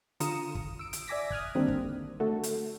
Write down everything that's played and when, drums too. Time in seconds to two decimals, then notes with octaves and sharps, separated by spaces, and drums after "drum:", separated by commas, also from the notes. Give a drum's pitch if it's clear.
0.20 D3 F4 A#5 D#6 C#7 E7, drum: hi-hat
0.55 drum: kick
0.79 E6 D7
0.93 drum: hi-hat
1.08 D5 E5 G#5 D6 A#6 B6
1.30 D#6 F6 F#6 G#6, drum: kick
1.55 D3 D#3 G3 A#3 C4 D4
1.68 drum: kick
2.20 D3 A3 F#4 A4
2.43 drum: hi-hat